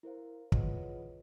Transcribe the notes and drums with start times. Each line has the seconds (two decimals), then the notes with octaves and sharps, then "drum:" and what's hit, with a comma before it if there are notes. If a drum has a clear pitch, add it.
0.03 E4 A#4 C5 F5
0.52 F4 G#4 B4 C#5 D#5 F#5, drum: kick